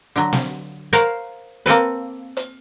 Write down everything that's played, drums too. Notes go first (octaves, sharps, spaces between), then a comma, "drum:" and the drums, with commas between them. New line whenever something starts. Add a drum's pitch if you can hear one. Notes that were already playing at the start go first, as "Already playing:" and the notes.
D3 F#3
drum: snare
A#4 C5 C#5 F5 F#5
A#3 C4 A4 B4, drum: hi-hat
drum: hi-hat